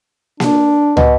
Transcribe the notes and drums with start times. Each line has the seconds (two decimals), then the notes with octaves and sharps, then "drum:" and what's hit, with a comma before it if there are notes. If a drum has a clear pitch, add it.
0.40 D4, drum: snare A#3
0.97 B2, drum: tom